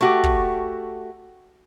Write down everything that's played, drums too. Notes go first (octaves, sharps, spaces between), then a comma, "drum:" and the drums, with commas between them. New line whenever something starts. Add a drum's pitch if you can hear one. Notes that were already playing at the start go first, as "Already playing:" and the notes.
A3 F#4 G4
drum: kick